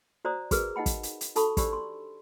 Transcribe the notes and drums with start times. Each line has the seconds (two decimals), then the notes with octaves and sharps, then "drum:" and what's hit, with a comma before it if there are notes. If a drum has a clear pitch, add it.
0.25 F#4 C5 D5 A#5 D#6
0.51 F#4 G#4 A#4 B4 E6, drum: kick, hi-hat
0.76 D#4 D#5 F#5 G5 B5
0.86 drum: kick, hi-hat
1.03 drum: hi-hat
1.21 drum: hi-hat
1.36 D#4 F#4 A4 A5 B5 C#6, drum: hi-hat
1.57 D4 G4 C5 D5 B5 E6, drum: kick, hi-hat
1.73 C6